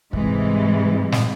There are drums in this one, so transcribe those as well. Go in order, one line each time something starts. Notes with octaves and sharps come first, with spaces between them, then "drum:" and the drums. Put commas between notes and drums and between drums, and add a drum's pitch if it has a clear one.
G#2 C3 E3 G3 G#3, drum: kick
drum: snare